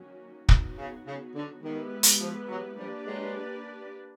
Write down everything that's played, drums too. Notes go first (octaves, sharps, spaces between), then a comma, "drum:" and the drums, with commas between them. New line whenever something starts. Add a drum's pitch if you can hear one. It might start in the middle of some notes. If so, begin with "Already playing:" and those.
Already playing: D#3 F#3 A#3 C#4 F#4
F#3 B3 D#4 F#4, drum: kick
C#3
C#3
D3
D#3 G#3 B3 E4 G4 B4
drum: hi-hat
F3
E3 F#3
F3 G3 A#3 D4 G4 B4 D5
F#3 G#3